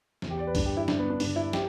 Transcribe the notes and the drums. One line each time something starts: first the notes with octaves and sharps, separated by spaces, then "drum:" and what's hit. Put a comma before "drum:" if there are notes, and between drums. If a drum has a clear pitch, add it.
E2 E3, drum: snare
G4
D5
B4
G2 D3 D4, drum: kick B1, open hi-hat
G4
E4
G2 D3 D4, drum: snare
B3
D4
G2 D3 D4, drum: open hi-hat
E4
G4, drum: snare